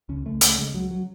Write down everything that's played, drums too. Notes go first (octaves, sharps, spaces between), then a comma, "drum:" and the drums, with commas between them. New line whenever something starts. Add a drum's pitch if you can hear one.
C#2 C#4
C#2 A3
C#3 A3, drum: hi-hat
C#3 G#3
C#2 F#3
F#3